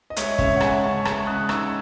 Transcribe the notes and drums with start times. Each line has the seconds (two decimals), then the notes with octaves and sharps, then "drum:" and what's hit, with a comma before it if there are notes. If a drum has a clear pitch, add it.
0.10 D#5
0.16 G#3 C#5 E5, drum: hi-hat
0.38 C#3 C#5 E5, drum: kick
0.56 F#5
0.60 G#3 E5 G#5, drum: rim click
0.83 C#3 A5 C#6
1.05 G#3 A5 C#6, drum: rim click
1.27 C#3 D#6 F#6
1.49 D#4 C#6 E6, drum: rim click